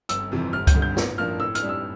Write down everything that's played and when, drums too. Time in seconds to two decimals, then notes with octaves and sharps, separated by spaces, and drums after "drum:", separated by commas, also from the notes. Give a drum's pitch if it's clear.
0.09 G1 E6, drum: hi-hat
0.32 F2 C3 E3
0.53 G1 F6
0.67 G6, drum: kick C#2, hi-hat
0.75 G2 D3
0.82 G6
0.97 A2, drum: snare
1.18 F3 A#3 D4 F6
1.40 A2 E6
1.55 F6, drum: hi-hat
1.62 G3 D4
1.69 E6